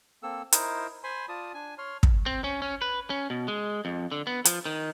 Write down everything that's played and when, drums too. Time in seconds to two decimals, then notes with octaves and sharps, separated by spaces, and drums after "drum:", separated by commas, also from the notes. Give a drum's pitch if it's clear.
0.23 A#3 C4 A4 E6
0.52 D#4 E4 A#4 C5, drum: hi-hat
1.04 C5 G#5 B5 C6
1.29 F4 D5 A5 D#6
1.54 D4 G#5
1.78 C#5 C6 F6
2.03 drum: kick
2.26 C4
2.44 C#4
2.62 C#4
2.82 B4
3.10 C#4
3.30 B2
3.48 G#3
3.85 F2
4.12 D3
4.27 B3
4.45 F3, drum: hi-hat
4.65 D#3